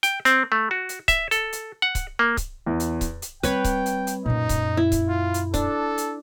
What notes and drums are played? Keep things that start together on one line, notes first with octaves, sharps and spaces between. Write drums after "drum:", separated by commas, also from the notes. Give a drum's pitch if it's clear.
G5, drum: hi-hat
C4, drum: hi-hat
A3
F#4
drum: hi-hat
E5, drum: kick C#1, hi-hat
A4, drum: hi-hat
drum: hi-hat
F#5
drum: kick C#1, hi-hat
A#3
drum: kick C#1, hi-hat
E2
drum: hi-hat
drum: kick C#1, hi-hat
drum: hi-hat
G3 C4 B4 C#5 G5 B5, drum: hi-hat
drum: kick C#1, hi-hat
drum: hi-hat
drum: hi-hat
F#2 A#2 D#4
drum: kick C#1, hi-hat
E4
drum: kick C#1, hi-hat
F4
drum: hi-hat
D4 A4, drum: kick C#1, hi-hat
drum: hi-hat